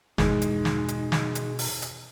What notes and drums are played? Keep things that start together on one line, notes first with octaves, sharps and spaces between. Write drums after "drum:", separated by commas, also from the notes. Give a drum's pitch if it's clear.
G1 E2 B2 E3 G#3 D#4, drum: snare
drum: hi-hat
drum: snare
drum: hi-hat
drum: snare
drum: hi-hat
drum: open hi-hat
drum: hi-hat